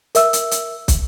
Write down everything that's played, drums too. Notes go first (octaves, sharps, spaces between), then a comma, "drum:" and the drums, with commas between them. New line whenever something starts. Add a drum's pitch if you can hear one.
A#4 E5 E6, drum: hi-hat
drum: hi-hat
drum: hi-hat
drum: kick, hi-hat